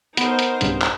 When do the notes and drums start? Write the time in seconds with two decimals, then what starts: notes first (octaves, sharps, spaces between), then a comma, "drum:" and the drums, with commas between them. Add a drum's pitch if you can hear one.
0.17 B3 D#4 A#4 C5, drum: hi-hat
0.39 drum: hi-hat
0.61 B1 G2 C#3, drum: hi-hat
0.81 drum: clap